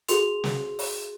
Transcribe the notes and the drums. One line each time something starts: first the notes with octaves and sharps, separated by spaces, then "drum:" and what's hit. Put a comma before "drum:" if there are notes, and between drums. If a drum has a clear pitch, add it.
F#4 G#4 A4 C6 F7, drum: hi-hat
drum: snare
drum: open hi-hat